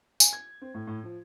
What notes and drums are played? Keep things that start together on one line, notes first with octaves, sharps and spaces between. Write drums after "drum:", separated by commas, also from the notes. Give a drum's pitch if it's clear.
G#5, drum: tambourine
G#6
C4
A2
A2
F3